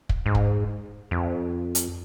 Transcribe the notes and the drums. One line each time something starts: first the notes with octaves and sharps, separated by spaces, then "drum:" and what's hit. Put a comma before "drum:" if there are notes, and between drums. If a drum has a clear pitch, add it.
drum: kick
G#2
drum: kick
F2
drum: hi-hat